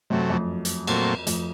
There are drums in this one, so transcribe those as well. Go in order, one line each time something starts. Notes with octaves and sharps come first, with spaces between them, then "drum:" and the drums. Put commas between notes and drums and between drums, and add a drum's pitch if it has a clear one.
F#2 C3 F#3 A3
F2
drum: hi-hat
A#2 F#3 A3 C4, drum: cymbal
F2, drum: hi-hat